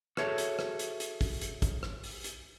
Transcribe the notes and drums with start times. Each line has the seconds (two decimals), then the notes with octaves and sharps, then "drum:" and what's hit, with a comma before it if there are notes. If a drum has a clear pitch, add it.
0.17 F#4 G#4 A4 C#5 E5, drum: rim click
0.38 drum: hi-hat
0.59 drum: rim click
0.79 drum: hi-hat
1.00 drum: hi-hat
1.21 drum: kick, open hi-hat
1.41 drum: hi-hat
1.62 drum: kick, hi-hat
1.83 drum: rim click
2.04 drum: open hi-hat
2.24 drum: hi-hat